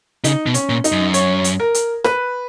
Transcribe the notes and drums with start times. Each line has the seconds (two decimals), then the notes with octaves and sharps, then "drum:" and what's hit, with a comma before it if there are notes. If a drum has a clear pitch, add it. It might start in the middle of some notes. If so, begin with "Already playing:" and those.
0.24 C#3 D#4, drum: hi-hat
0.46 B2
0.54 C#4, drum: hi-hat
0.69 A#2
0.84 D#4, drum: hi-hat
0.92 F#2
1.14 C#5, drum: hi-hat
1.44 drum: hi-hat
1.60 A#4
1.74 drum: hi-hat
2.04 B4, drum: snare